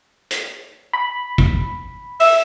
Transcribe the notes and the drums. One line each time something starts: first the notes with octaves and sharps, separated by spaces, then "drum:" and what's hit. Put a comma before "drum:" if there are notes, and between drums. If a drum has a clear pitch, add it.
drum: hi-hat
B5
drum: kick
E5, drum: open hi-hat